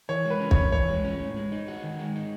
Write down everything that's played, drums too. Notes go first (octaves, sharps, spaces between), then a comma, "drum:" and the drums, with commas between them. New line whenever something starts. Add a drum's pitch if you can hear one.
E3 C#5
G#3 B4
C#4
C#5, drum: kick
A2
E3 C#5
G#3
C#4
A2
G#3
D#4
F#4
D#3
G#3
D#4